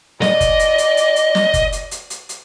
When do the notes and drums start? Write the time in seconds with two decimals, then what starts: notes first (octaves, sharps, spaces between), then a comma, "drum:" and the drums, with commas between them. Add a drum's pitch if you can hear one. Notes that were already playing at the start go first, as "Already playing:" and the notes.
0.22 D5 D#5, drum: snare
0.41 drum: kick F#1, hi-hat
0.59 drum: hi-hat
0.78 drum: hi-hat
0.97 drum: hi-hat
1.16 drum: hi-hat
1.35 drum: snare
1.54 drum: kick F#1, hi-hat
1.72 drum: hi-hat
1.91 drum: hi-hat
2.10 drum: hi-hat
2.29 drum: hi-hat